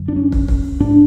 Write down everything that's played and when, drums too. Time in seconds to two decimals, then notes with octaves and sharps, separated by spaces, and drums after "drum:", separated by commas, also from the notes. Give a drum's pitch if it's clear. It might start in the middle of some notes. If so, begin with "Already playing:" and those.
Already playing: F#2 D3
0.08 D4
0.16 C#4
0.32 drum: kick
0.48 drum: kick
0.80 G#2 D4